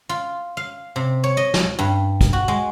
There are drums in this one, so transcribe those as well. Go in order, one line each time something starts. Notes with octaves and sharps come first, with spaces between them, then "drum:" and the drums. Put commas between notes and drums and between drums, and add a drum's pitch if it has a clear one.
F4
F5
C3
C#5
D#5
drum: snare
G2
drum: kick, hi-hat
F#4
G#3